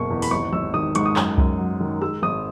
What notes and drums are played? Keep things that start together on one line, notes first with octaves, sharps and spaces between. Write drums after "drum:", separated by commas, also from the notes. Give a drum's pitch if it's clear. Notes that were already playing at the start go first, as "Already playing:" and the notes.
Already playing: F#1 B2 A#3 C#6
E2
B5, drum: open hi-hat
G#1 C#6
G#1 E6
D#3 D#6
G#2 C#6, drum: hi-hat
D#6
F#2, drum: clap
F#2, drum: kick C2
F#3
D#3
G#3 E6
G#1 D#6